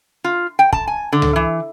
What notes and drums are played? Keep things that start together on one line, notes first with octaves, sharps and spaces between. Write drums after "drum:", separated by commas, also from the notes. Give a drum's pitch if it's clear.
F4
G5
A5, drum: kick
G#5
D3
drum: tom C#2
E3